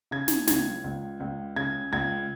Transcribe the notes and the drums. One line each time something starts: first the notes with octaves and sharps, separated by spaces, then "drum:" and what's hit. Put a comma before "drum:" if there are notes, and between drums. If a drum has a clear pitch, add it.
C#3 G#6
drum: snare
C#2 G#6, drum: snare
C#2
C#2
C#3 G#6
C#2 G#6